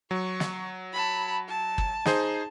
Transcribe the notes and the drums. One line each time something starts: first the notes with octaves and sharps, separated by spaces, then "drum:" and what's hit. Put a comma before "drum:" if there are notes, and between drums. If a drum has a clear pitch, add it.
F#3 C#6
drum: snare
A5 B5
A5
drum: kick
D#4 G#4 C5, drum: snare